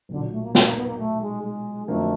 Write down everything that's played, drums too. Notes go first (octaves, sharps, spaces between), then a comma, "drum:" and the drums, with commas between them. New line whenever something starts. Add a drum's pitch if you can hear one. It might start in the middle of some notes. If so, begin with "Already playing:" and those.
B1 A#2 D3 F#3
A3
A#3
B3, drum: snare
A#3
B3
A#3
A3
G#3
G#3
F2 D3 F#3 A3 A#3